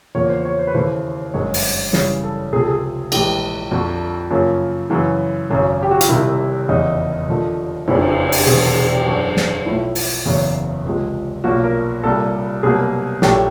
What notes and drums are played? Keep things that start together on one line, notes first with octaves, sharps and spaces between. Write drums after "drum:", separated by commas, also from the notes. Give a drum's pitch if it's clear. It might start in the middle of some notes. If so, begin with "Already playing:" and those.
E2 C#3 F3 A#3 C#5
C5
C#5
C5
B4
D#2 C#3 E3 A3 C5
G1 F#2 D#3 G#3 C#5
drum: open hi-hat
F#2 C#3 E3 G3 C#5, drum: snare
A4
C#2 C3 F3 A3 G#4
A4
G#4
A#1 A2 E3 G#3 G4, drum: cymbal
F2 D3 F3 F#4
F#2 C#3 F3 A#3
F#2 C#3 E3
G#1 F#2 C#3
G4
F#4
F4, drum: hi-hat
C2 C3 D#3 E4
F1 E2 C#3 D#4
D#2 D3 F3 A3
F#1 F2 C#3 F3 A3 E4, drum: cymbal
G4, drum: open hi-hat
E1 E2 C3 D#3 F#3 G#4
A4
G#4
G4
F#2 D3 F#3 F#4
drum: snare
B1 A2 F3 A3 E4
drum: open hi-hat
F#1 E2 C#3 F#3
C#2 C3 F3 G#3
B1 A#2 F3 A#3 F#4
A#4
C2 A#2 G3 A4
C2 B2 F#3 A#3 G#4
A#1 A2 F#3 A3 G4, drum: snare